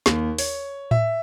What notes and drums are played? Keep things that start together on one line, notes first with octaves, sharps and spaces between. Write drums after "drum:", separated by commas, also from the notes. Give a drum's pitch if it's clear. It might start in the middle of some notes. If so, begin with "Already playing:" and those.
D#2, drum: snare
C#5, drum: open hi-hat
E5, drum: tom A2